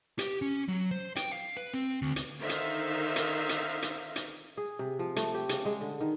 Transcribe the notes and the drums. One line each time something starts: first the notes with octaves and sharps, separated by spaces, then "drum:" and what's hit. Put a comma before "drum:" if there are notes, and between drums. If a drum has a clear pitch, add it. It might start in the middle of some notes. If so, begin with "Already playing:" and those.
G4, drum: hi-hat
C#4
F#3
C5
G5, drum: hi-hat
F5
B4
C4
D2
drum: hi-hat
D3 D#3 D#4 C5 E5 F5
drum: hi-hat
drum: hi-hat
drum: hi-hat
drum: hi-hat
drum: hi-hat
G#4
C3
F3
A3, drum: hi-hat
G4
C#3, drum: hi-hat
G#3
D3
D#3